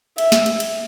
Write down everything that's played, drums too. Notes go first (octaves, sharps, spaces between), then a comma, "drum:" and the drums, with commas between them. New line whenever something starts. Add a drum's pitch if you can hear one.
E5, drum: cymbal
drum: snare
drum: cymbal
drum: cymbal